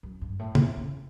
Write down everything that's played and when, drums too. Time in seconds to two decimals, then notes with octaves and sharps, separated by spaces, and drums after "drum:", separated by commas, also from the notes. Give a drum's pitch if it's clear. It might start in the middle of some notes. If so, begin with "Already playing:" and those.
0.03 F#2
0.21 G2
0.39 A2
0.55 drum: tom
0.77 C#3